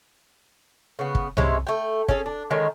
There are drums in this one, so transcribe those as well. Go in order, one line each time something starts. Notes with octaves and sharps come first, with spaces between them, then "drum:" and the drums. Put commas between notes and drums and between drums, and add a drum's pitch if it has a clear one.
C#3 B3
drum: kick
C3 G#3 C#4 E4, drum: tom C2
A3 G5
C#4 G#4 A4, drum: kick
D4
D3 D#3 G#3 C#4